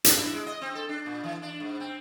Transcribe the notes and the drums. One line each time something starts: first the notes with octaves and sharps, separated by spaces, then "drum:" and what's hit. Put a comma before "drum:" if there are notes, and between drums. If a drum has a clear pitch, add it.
D4, drum: hi-hat
E4
G#3
D#5
C4
A4
D4
A#2
E3
D4
G#2
C4